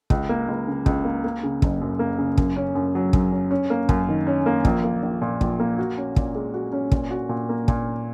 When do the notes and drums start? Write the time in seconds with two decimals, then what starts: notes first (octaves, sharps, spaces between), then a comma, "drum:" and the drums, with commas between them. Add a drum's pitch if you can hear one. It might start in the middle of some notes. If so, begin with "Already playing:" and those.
0.10 C#2, drum: kick
0.29 A#3
0.48 C#2
0.67 C#3
0.86 C#2, drum: kick
1.05 A#3
1.24 A#3
1.43 C#3
1.62 F#1, drum: kick
1.81 F#2
1.99 A#3
2.18 C#3
2.37 F#2, drum: kick
2.56 C#4
2.75 F#2
2.95 F#3
3.13 F#2, drum: kick
3.32 C#4
3.51 C#4
3.70 A#3
3.89 F#2, drum: kick
4.09 D#3
4.27 C#4
4.46 A#3
4.65 A#1, drum: kick
4.84 A#3
5.03 A#1
5.22 A#2
5.41 A#1, drum: kick
5.59 A#3
5.78 F#4
5.98 C#4
6.16 A#2, drum: kick
6.35 G#3
6.54 F#4
6.73 C#4
6.92 A#2, drum: kick
7.11 F#4
7.29 A#2
7.49 A#3
7.68 A#2, drum: kick